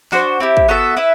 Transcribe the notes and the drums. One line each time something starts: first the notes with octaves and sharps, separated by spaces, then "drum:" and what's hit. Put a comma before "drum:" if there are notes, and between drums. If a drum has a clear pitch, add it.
D4 F#4 C5, drum: snare
C4 E4 G4
drum: kick
B3 F#4 A4 E5
E4 B4 E5